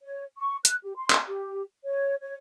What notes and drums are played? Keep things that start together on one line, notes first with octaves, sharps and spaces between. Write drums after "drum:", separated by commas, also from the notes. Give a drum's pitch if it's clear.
C#5
C#6
F#6, drum: hi-hat
G4
C6
drum: clap
G4
C#5
C#5